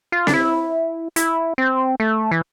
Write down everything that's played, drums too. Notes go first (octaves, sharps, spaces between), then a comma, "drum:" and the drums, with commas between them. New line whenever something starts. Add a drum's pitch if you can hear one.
F4
D4, drum: snare C4
E4
E4, drum: hi-hat
C4
A3
E3